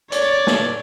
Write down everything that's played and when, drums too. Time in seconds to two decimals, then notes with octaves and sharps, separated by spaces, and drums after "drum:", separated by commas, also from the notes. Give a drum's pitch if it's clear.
0.12 C#5 D5, drum: hi-hat
0.47 drum: snare